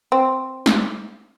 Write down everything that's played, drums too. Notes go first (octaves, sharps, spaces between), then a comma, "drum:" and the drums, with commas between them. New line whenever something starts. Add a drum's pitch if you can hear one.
C4
drum: snare